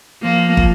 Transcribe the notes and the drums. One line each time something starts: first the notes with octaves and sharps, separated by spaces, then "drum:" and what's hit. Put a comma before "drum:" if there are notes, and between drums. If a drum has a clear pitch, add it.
F3 A#3
drum: kick